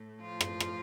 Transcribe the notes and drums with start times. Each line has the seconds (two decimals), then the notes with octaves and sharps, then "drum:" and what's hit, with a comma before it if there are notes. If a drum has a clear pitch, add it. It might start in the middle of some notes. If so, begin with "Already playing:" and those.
Already playing: A2 A3
0.20 F3 F4
0.41 drum: rim click
0.60 drum: rim click